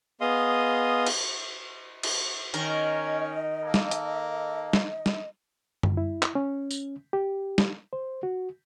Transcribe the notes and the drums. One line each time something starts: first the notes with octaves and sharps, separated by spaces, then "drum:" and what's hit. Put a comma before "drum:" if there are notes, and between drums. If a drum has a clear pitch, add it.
B3 G#4 D#5 F5 C6 D#6
drum: cymbal
drum: cymbal
D#3 C#4 A#4 D#5, drum: hi-hat
A#3 A4
drum: snare
drum: hi-hat
drum: snare
drum: snare
drum: tom F#2
E4
drum: clap
C#4
drum: tambourine
G4
drum: snare
C5
F#4